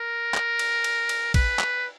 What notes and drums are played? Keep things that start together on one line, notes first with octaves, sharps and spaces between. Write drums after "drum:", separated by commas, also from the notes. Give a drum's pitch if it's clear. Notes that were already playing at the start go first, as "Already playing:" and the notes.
Already playing: A#4
drum: clap
drum: cymbal
drum: cymbal
drum: cymbal
B4, drum: kick, cymbal
drum: clap